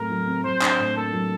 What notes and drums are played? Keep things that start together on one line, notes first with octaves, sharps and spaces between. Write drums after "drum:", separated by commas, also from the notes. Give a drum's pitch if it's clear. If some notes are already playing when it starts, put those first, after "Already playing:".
Already playing: A2 F#3 A3 C4 A#4
F#3
C4
F#3 C5
D4, drum: clap
A2
A#3 A4
F#3